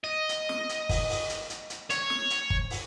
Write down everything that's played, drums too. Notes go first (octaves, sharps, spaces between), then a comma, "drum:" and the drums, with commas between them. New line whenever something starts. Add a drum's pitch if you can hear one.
D#5
drum: hi-hat
drum: snare
drum: hi-hat
drum: kick, open hi-hat
drum: open hi-hat
drum: hi-hat
drum: hi-hat
drum: hi-hat
C#5, drum: hi-hat
drum: snare
drum: hi-hat
drum: kick
drum: open hi-hat